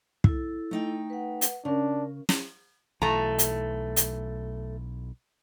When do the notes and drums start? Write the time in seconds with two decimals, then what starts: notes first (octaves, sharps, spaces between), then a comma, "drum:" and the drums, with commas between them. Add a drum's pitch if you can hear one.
0.24 E4 A4, drum: kick
0.71 A3 D#4 G5
1.10 B4 F#5
1.41 drum: hi-hat
1.65 C#3 C#4 D4 A#4
2.29 drum: snare
3.02 B1 E3 A3 A#5
3.39 drum: hi-hat
3.96 drum: hi-hat